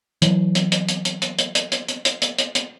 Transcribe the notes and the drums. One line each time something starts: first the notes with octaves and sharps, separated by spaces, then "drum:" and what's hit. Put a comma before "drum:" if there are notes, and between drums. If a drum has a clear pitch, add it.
E3 F#3, drum: hi-hat
drum: hi-hat
drum: hi-hat
drum: hi-hat
drum: hi-hat
drum: hi-hat
drum: hi-hat
drum: hi-hat
drum: hi-hat
drum: hi-hat
drum: hi-hat
drum: hi-hat
drum: hi-hat
drum: hi-hat